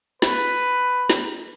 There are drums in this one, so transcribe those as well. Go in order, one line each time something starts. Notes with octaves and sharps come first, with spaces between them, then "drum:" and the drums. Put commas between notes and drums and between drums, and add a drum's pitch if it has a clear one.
B4, drum: snare
drum: snare